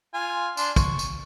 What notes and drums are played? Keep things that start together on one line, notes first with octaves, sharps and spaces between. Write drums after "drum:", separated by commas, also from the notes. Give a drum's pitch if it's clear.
F4 G#5
D4 C6, drum: tambourine
C#6, drum: kick, tambourine
drum: tambourine